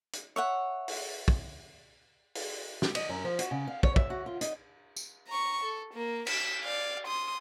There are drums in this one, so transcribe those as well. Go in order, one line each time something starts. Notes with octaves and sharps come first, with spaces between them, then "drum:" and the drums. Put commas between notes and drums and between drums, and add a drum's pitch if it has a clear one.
drum: hi-hat
C#5 E5 F#5
drum: open hi-hat
drum: kick
drum: open hi-hat
G4, drum: snare
D#5, drum: cymbal
F#2
F3
F#4, drum: hi-hat
C#3
F5
C#5, drum: kick
E5, drum: kick
F#4
F4
D#4, drum: hi-hat
drum: tambourine
A#5 C#6
A4
A#3
B6 E7, drum: cymbal
D5 F5
C6 D#6